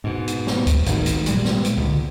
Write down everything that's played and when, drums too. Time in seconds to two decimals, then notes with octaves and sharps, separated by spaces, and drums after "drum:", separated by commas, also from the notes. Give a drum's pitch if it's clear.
0.04 G#2 B2
0.28 drum: hi-hat
0.47 drum: snare
0.67 drum: kick D2, hi-hat
0.86 G#1 A2 C3 D#3, drum: hi-hat
1.06 drum: hi-hat
1.26 A#2 G3 G#3, drum: hi-hat
1.45 drum: snare
1.65 drum: hi-hat
1.77 C#2 D3